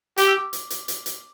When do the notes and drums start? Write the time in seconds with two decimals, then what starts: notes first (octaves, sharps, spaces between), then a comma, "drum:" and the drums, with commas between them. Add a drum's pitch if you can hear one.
0.17 G4 D6, drum: hi-hat
0.27 E6
0.37 D6
0.53 drum: hi-hat
0.70 drum: hi-hat
0.88 drum: hi-hat
1.06 drum: hi-hat